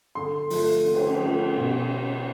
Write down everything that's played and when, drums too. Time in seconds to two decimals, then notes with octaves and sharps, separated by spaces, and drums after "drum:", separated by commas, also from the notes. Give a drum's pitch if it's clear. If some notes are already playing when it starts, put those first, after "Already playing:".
0.15 D3 C6
0.50 F3 A3, drum: open hi-hat
0.85 D3
0.95 drum: cymbal
1.20 F3 A3
1.56 B2